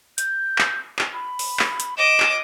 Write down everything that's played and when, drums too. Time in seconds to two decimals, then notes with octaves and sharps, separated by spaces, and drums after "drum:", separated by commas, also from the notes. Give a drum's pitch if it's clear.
0.18 G6, drum: hi-hat
0.58 drum: clap
0.99 drum: clap
1.13 B5
1.39 drum: open hi-hat
1.59 drum: clap
1.80 drum: hi-hat
1.97 D#5 D6 E7
2.20 drum: clap